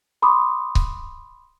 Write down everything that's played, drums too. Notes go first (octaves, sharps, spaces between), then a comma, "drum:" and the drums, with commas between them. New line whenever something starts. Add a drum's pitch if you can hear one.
B5 C6 D6 D#6
drum: kick C#1